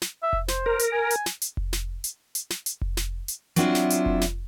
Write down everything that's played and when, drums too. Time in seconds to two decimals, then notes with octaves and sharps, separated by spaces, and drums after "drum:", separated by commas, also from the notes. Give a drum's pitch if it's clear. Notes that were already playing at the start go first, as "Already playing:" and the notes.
0.02 drum: snare
0.23 E5
0.33 drum: kick F1
0.48 C5, drum: snare
0.66 A#4
0.79 drum: hi-hat
0.92 G#5
1.10 drum: hi-hat
1.26 drum: snare
1.42 drum: hi-hat
1.57 drum: kick F1
1.73 drum: snare
2.04 drum: hi-hat
2.35 drum: hi-hat
2.50 drum: snare
2.66 drum: hi-hat
2.81 drum: kick F1
2.97 drum: snare
3.28 drum: hi-hat
3.56 F#3 C4 D4 E4 F4, drum: hi-hat
3.75 drum: snare
3.90 drum: hi-hat
4.06 drum: kick F1
4.21 drum: snare